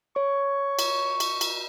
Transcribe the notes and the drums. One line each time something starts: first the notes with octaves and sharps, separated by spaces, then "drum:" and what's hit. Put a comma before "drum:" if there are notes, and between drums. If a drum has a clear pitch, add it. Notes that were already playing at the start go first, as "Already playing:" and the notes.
C#5 C#6
drum: cymbal
drum: cymbal
drum: cymbal